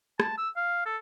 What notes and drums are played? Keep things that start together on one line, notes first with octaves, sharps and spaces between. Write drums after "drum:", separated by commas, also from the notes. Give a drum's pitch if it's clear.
A5, drum: rim click
E6
F5
A4